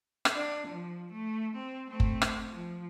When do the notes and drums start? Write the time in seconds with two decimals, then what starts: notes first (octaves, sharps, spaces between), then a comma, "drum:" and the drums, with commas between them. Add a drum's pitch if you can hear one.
0.25 drum: rim click
0.34 D4
0.67 F3
1.12 A3
1.56 C4
1.88 A3 C4
2.00 drum: kick F#1
2.22 drum: rim click
2.50 F3